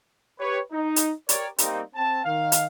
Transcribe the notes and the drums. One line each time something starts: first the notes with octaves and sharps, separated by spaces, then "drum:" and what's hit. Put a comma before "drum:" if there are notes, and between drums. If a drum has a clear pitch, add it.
G4 B4 C#5
D#4
drum: hi-hat
G4 A#4 C#5 D5, drum: hi-hat
G3 A#3 C4 D#4, drum: hi-hat
C4 A5
D#3 F5
drum: hi-hat